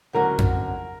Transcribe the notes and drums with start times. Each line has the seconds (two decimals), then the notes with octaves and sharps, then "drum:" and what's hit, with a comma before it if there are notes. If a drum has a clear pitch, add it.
0.13 D2 D3 F#3 C#4 F#4 A#4
0.38 drum: tom F2